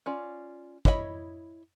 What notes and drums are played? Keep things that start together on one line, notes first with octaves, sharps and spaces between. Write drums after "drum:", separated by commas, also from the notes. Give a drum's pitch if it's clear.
C#4 F4 D5
E4 C#5 D#5 E5 B5, drum: kick